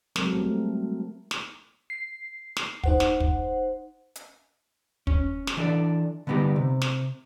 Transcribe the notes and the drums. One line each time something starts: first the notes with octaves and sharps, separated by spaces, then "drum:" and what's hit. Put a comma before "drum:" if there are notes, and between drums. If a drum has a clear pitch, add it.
F#3 G#3 C4 A4 A#4, drum: snare
G3 A3 C4
drum: snare
C7
drum: snare
D#4 C5 F#5, drum: kick
drum: snare
drum: kick
drum: hi-hat
C#4, drum: kick
drum: snare
E3 D4 A4 D5
D3 G3 B3 D#4 G4
C3
drum: snare